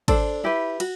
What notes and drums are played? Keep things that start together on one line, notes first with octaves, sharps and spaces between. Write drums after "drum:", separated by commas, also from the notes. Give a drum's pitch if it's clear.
D4 A4 C5, drum: kick G#1, cymbal
E4 G4 B4
F#4, drum: cymbal